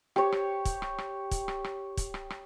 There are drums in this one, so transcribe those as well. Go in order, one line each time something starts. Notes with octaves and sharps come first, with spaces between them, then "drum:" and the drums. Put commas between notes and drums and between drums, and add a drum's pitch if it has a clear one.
G4 C#5, drum: rim click
drum: rim click
drum: kick, hi-hat
drum: rim click
drum: rim click
drum: kick, hi-hat
drum: rim click
drum: rim click
drum: kick, hi-hat
drum: rim click
drum: rim click